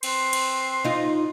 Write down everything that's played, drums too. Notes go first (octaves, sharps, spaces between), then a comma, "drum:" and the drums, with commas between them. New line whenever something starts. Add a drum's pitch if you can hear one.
C4 B4 C6, drum: cymbal
drum: cymbal
D#4 F4